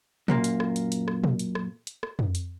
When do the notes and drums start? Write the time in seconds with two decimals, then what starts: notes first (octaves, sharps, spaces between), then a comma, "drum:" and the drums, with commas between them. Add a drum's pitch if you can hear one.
0.28 F#2 A#2 A#3, drum: tom
0.44 drum: hi-hat
0.60 drum: rim click
0.76 drum: hi-hat
0.92 drum: hi-hat
1.08 drum: rim click
1.24 drum: tom
1.39 drum: hi-hat
1.55 drum: rim click
1.87 drum: hi-hat
2.03 drum: rim click
2.19 drum: tom
2.35 drum: hi-hat